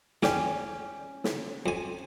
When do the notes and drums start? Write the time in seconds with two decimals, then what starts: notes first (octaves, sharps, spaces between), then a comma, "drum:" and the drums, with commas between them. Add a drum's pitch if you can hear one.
0.23 E2 C#4 D5 G5, drum: snare
1.24 drum: snare
1.66 F2 G#5